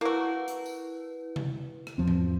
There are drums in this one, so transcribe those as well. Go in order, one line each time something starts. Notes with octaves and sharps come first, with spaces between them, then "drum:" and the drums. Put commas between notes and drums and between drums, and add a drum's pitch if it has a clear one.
A#3 E4 F#4 B4
drum: hi-hat
drum: tambourine
drum: tom C3
drum: rim click
E2 F3 C4
drum: tom G#2